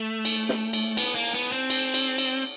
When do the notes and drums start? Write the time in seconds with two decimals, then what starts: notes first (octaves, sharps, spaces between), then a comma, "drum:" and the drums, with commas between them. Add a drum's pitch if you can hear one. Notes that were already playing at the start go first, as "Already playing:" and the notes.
Already playing: A3
0.25 drum: cymbal
0.49 drum: snare
0.73 drum: cymbal
0.97 B3, drum: cymbal
1.15 A#3
1.34 B3
1.52 C4
1.70 drum: cymbal
1.94 drum: cymbal
2.18 drum: cymbal